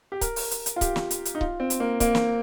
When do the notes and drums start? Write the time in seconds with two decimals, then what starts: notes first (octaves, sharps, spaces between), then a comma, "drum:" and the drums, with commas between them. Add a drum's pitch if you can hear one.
0.12 G4
0.21 A#4, drum: kick C#1, hi-hat
0.36 drum: open hi-hat
0.51 drum: hi-hat
0.66 drum: hi-hat
0.76 F4
0.81 G4, drum: kick C#1, hi-hat
0.96 drum: snare
1.11 drum: hi-hat
1.25 drum: hi-hat
1.35 D#4
1.41 F4, drum: kick C#1
1.60 C4
1.70 drum: hi-hat
1.80 A#3
2.00 A#3, drum: kick C#1, hi-hat
2.15 drum: snare